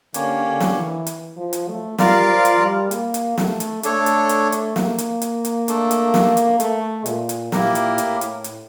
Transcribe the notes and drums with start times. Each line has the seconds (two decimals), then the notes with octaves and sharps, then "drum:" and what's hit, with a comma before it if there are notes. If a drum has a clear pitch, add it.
0.14 D3 A#3 C#4 G4 C#5, drum: hi-hat
0.45 D3
0.60 drum: snare
0.76 E3
1.07 drum: hi-hat
1.37 F3
1.53 drum: hi-hat
1.68 A3
1.98 G3 F4 A#4 D5 F5, drum: snare
2.29 F3
2.45 drum: hi-hat
2.60 G3
2.91 A#3, drum: hi-hat
3.14 drum: hi-hat
3.38 A3, drum: snare
3.60 drum: hi-hat
3.83 A3 D4 A4 C#5, drum: hi-hat
4.06 drum: hi-hat
4.29 drum: hi-hat
4.52 drum: hi-hat
4.76 A#3, drum: snare
4.98 drum: hi-hat
5.22 drum: hi-hat
5.45 drum: hi-hat
5.68 A3 D4 A4, drum: hi-hat
5.91 drum: hi-hat
6.14 drum: snare
6.37 drum: hi-hat
6.60 A3, drum: hi-hat
7.06 A#2, drum: hi-hat
7.29 drum: hi-hat
7.52 A#2 A#3 E4 G4 A#4, drum: snare
7.75 drum: hi-hat
7.98 A2, drum: hi-hat
8.21 drum: hi-hat
8.44 drum: hi-hat